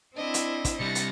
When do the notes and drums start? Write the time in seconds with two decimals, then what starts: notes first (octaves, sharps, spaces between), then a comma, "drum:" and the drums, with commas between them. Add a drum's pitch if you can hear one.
0.16 C4 D4 E4 D#5
0.34 drum: hi-hat
0.65 drum: kick, hi-hat
0.80 C3 G3 A6 A#6 C#7
0.95 drum: hi-hat